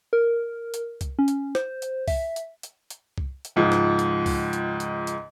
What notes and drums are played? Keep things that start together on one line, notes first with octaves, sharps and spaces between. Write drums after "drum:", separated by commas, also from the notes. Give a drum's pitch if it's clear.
A#4
drum: hi-hat
drum: kick C2, hi-hat
C#4
drum: hi-hat
C5, drum: snare
drum: hi-hat
E5, drum: kick C2, open hi-hat
drum: hi-hat
drum: hi-hat
drum: hi-hat
drum: kick C2
drum: hi-hat
C#2 G#2 F3
drum: snare
drum: hi-hat
drum: kick C2, open hi-hat
drum: hi-hat
drum: hi-hat
drum: hi-hat